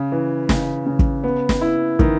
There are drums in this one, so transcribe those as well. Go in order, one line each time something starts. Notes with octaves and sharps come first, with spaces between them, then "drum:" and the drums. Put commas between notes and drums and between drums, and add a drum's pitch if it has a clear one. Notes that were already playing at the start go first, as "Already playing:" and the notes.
Already playing: C#3
E3
C#3, drum: snare
C#3
drum: kick
B3
drum: snare
E4
D#3, drum: kick